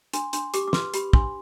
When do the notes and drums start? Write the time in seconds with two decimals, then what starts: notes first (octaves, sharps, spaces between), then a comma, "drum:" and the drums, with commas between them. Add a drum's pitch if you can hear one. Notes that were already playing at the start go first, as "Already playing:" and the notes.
0.13 D4 C6, drum: hi-hat
0.33 D4 C6, drum: hi-hat
0.54 G4 D6, drum: hi-hat
0.68 D6
0.73 B4 C6, drum: snare
0.94 G4 B5, drum: hi-hat
1.13 D4 C6, drum: kick